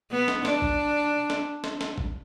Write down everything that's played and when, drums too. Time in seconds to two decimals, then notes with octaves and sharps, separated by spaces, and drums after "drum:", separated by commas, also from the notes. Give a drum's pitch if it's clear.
0.11 B3
0.28 drum: snare
0.45 D4, drum: snare
0.62 drum: kick
1.30 drum: snare
1.64 drum: snare
1.81 drum: snare
1.98 drum: kick